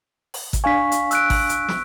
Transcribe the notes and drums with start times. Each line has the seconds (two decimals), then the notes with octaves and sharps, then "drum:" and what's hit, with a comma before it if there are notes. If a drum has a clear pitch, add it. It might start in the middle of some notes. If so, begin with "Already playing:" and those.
0.34 drum: open hi-hat
0.53 drum: kick, hi-hat
0.64 D4 F5 G#5 C#6 B6
0.92 drum: hi-hat
1.11 E6 F#6 D7, drum: hi-hat
1.30 drum: kick, open hi-hat
1.49 drum: hi-hat
1.68 drum: snare